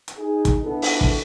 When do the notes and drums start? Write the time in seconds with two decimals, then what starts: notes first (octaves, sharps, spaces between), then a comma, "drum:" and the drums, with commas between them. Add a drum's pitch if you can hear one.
0.08 drum: hi-hat
0.19 D#4 G#4
0.45 drum: kick, hi-hat
0.64 B3 D4 E4 A4
0.82 drum: open hi-hat
1.01 drum: kick